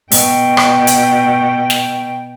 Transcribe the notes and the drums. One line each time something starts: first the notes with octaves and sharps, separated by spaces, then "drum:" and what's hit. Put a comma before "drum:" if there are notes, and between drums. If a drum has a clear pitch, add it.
B2 G5, drum: open hi-hat
drum: rim click
drum: hi-hat
drum: snare